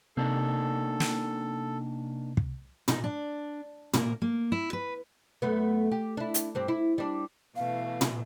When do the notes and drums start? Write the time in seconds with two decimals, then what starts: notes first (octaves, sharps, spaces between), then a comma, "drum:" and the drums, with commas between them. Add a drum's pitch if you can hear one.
0.17 C3 A#3 D4 D#4 A4
1.00 drum: snare
2.37 drum: kick
2.88 D#4, drum: tom
3.04 D4
3.93 A#3, drum: tom
4.22 A#3
4.52 E4
4.73 B4
5.42 F#2 A3 B3
5.92 G4
6.17 D4 E4
6.34 drum: hi-hat
6.55 G2 C4 G4
6.68 E4
6.98 G3 D4
7.56 B2 E3 A3 F5
8.01 drum: tom